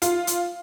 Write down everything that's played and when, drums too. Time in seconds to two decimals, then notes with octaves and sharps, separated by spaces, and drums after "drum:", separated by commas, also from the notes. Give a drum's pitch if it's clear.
0.02 F4, drum: hi-hat
0.27 drum: hi-hat